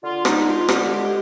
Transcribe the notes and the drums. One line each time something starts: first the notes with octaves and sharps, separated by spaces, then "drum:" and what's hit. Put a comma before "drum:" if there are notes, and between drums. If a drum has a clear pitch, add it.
D3 F4
G#3 D#4, drum: rim click
G#3 F4
D3 G4, drum: rim click
G#3 G4